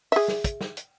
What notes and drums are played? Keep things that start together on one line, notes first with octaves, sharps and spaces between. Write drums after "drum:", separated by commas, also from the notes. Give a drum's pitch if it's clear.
G#4 E5, drum: open hi-hat
drum: snare
drum: kick, hi-hat
drum: snare
drum: hi-hat